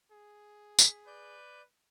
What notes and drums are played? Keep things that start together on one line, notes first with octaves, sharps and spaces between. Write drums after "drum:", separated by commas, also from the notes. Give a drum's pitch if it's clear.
G#4
drum: tambourine
B4 D5 G6